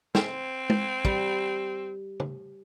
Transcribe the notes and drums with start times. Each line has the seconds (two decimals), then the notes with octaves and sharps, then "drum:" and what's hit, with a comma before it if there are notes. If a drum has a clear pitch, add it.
0.15 C4 C5, drum: snare
0.70 drum: tom G#3
1.05 G3, drum: kick
2.20 drum: tom